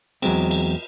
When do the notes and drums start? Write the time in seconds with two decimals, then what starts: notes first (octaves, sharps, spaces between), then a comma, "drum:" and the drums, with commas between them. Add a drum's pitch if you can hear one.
0.22 E2 F#3 G#3 C4, drum: cymbal
0.51 drum: cymbal